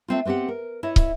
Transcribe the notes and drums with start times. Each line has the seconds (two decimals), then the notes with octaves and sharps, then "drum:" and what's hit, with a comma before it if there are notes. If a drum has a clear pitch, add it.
0.08 A3 C4 F4
0.25 B3 C4 F#4 G4 F#5
0.48 A#4
0.83 E4 C#5 D#5
0.96 drum: kick